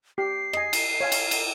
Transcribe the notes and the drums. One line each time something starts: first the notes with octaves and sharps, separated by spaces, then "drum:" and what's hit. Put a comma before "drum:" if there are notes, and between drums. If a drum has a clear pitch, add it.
G4 C7
D#5 G#5, drum: rim click
drum: cymbal
C#5 F5 G#5
drum: cymbal
drum: cymbal